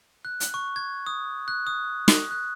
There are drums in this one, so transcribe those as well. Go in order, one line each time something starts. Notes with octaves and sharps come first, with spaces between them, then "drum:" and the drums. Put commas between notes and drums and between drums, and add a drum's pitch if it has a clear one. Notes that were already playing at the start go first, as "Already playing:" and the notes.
F#6
drum: hi-hat
C#6
G#6
D#6
F#6
D#6
drum: snare
F#6